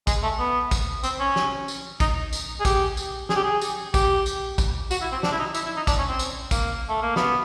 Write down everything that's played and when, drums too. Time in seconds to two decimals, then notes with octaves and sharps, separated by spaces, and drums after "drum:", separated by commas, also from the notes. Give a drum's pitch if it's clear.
0.07 G#3, drum: kick, tambourine
0.23 A3
0.39 B3
0.71 drum: kick, tambourine
1.03 C4, drum: tambourine
1.20 C#4
1.36 drum: snare
1.68 drum: tambourine
2.00 D#4, drum: kick, tambourine
2.33 drum: tambourine
2.60 G#4
2.65 G4, drum: kick, tambourine
2.97 drum: tambourine
3.29 G#4, drum: snare
3.36 G4
3.44 G#4
3.61 drum: tambourine
3.94 G4, drum: kick, tambourine
4.26 drum: tambourine
4.58 drum: kick, tambourine
4.91 F#4, drum: tambourine
5.01 E4
5.12 C4
5.23 D4, drum: snare
5.32 E4
5.39 D#4
5.54 E4, drum: tambourine
5.65 E4
5.76 D#4
5.87 D4, drum: kick, tambourine
5.98 C#4
6.08 C4
6.19 drum: tambourine
6.51 A#3, drum: kick, tambourine
6.89 A3
7.02 A#3
7.16 B3, drum: snare